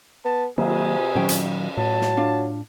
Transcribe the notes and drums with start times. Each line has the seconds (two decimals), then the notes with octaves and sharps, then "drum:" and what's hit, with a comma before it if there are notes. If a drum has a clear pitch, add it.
0.25 B3 A5
0.58 C3 D#3 F#3 A#3 G#4, drum: cymbal
1.15 A#2 D#3 F#3 C#4 C#5 G5
1.29 drum: hi-hat
1.77 A2 F#3 A5
2.01 drum: snare
2.17 D4 F4 F5